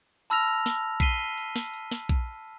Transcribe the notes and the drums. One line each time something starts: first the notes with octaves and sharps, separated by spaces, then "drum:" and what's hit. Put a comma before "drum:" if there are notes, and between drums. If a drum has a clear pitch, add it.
A5 B5 E6 F6 A#6 F7, drum: tambourine
drum: snare
B6 C7 D#7 G7, drum: kick A#1, tambourine
drum: tambourine
drum: snare
drum: tambourine
drum: snare
drum: kick A#1, tambourine